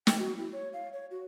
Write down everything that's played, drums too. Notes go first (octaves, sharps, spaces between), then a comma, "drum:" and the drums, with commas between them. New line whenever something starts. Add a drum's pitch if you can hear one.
G5, drum: snare
F#4
E4
C#5
F5
C#5
F#4